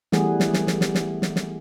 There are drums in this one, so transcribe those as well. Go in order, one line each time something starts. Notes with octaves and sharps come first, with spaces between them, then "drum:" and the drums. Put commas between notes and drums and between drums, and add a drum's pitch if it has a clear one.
E3 G3 A3 B3 G#4, drum: snare
drum: snare
drum: snare
drum: snare
drum: snare
drum: snare
drum: snare
drum: snare